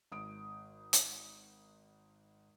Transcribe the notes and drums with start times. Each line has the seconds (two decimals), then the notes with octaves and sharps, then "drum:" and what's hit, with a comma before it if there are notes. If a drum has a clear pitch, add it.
0.12 G#1 D#6 D7
0.93 drum: hi-hat